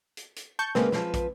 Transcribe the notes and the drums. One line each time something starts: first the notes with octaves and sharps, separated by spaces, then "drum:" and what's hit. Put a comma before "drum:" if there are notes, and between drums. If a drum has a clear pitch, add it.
drum: hi-hat
drum: hi-hat
A5 C#6 G6
C#3 G#3 A#3 C4 B4, drum: snare
F3 B4, drum: snare
drum: kick, hi-hat